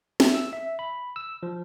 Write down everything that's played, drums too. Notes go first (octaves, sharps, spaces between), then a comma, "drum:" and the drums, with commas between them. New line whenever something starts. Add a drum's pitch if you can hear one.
E5, drum: snare
E6
E5
B5
E6
F3